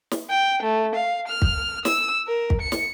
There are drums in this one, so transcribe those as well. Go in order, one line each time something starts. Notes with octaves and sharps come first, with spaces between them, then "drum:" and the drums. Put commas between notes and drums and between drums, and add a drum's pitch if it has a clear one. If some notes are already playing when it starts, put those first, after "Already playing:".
drum: snare
G5
A3
F5
F6
drum: kick
E6, drum: snare
A#4
drum: kick
C#7
drum: snare